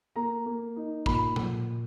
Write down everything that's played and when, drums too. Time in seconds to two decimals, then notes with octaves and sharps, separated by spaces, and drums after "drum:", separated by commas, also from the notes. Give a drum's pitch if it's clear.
0.16 A#3 A#5
0.46 A#3
0.76 D#4
1.06 A#2 B5, drum: kick
1.36 A#2, drum: tom A#2